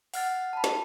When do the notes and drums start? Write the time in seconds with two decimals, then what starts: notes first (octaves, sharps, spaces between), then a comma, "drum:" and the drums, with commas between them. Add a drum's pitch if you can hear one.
0.14 F#5 F6 A6, drum: open hi-hat
0.53 A5 B5
0.64 drum: snare